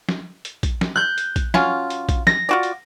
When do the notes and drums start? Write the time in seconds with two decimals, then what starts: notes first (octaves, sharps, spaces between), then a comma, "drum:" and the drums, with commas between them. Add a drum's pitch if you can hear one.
0.09 drum: snare
0.45 drum: hi-hat
0.63 drum: kick A#1, hi-hat
0.81 drum: snare
0.96 F#6 G6
1.18 drum: hi-hat
1.36 drum: kick A#1, hi-hat
1.54 F#3 C#4 F4, drum: snare
1.90 drum: hi-hat
2.09 drum: kick A#1, hi-hat
2.27 A#6, drum: snare
2.49 F4 F#4 D5
2.63 drum: hi-hat